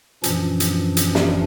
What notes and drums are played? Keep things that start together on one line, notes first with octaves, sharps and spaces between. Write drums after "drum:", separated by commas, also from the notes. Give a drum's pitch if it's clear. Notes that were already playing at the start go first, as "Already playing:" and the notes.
F#2 A#2 E3 F3 C#4 D4, drum: hi-hat
drum: hi-hat
drum: hi-hat
drum: snare